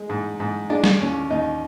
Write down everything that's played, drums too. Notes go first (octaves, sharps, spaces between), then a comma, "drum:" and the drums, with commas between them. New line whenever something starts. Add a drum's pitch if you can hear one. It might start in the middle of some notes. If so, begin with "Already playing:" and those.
Already playing: G#3
G#2
G#2
G#3 D4
drum: snare
D#2 C#4
D#2 D#4